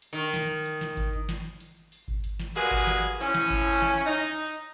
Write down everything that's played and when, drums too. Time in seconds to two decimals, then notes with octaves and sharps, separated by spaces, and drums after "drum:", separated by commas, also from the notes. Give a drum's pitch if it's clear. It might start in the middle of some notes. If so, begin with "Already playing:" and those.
0.02 drum: hi-hat
0.13 D#3
0.34 drum: snare
0.65 drum: hi-hat
0.81 drum: snare
0.97 drum: kick G#1, hi-hat
1.29 drum: snare
1.60 drum: hi-hat
1.92 drum: open hi-hat
2.08 drum: kick G#1
2.24 drum: hi-hat
2.40 drum: snare
2.55 G3 G#3 A#3 B3 F#4 G#4, drum: hi-hat
2.71 drum: kick G#1
2.87 drum: snare
3.20 F3 C#4 E4, drum: hi-hat
3.34 drum: snare
3.50 drum: kick G#1, hi-hat
3.82 drum: snare
4.06 D#4
4.45 drum: open hi-hat